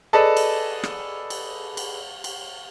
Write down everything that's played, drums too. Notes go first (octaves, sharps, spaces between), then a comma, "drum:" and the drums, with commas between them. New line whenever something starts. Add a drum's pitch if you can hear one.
G#4 A4 B4 D5 D#5 A5
drum: cymbal
drum: rim click
drum: cymbal
drum: cymbal
drum: cymbal